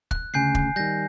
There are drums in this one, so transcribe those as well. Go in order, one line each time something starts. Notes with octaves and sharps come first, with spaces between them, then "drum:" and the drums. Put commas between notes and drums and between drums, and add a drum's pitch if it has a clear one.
F#6, drum: kick
D2 C#3 G#5 G6 C7
drum: kick
D#3 G3 G6 A#6